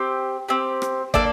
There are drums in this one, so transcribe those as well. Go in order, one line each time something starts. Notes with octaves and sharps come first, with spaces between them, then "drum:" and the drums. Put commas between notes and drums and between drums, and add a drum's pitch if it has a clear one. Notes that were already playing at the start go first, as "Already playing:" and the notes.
Already playing: C4 G4
C4 G4
drum: rim click
A#3 D4 A4 D5, drum: kick